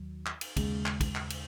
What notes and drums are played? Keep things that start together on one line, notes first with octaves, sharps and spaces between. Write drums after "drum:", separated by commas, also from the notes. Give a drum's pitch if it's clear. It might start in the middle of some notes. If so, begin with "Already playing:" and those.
Already playing: D#2 D#3 F#3
drum: clap
drum: cymbal
D#2 C#3 G#3, drum: kick, cymbal
drum: clap
drum: kick, cymbal
drum: clap
drum: cymbal